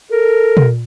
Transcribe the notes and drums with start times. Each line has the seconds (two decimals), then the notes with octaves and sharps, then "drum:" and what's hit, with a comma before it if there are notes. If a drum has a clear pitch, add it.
0.11 A4 A#4
0.57 drum: tom